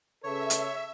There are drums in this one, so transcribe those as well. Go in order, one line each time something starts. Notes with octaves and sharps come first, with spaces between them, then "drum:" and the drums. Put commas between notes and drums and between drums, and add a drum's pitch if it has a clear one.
C#3 A4 B4 C#5 E5
drum: hi-hat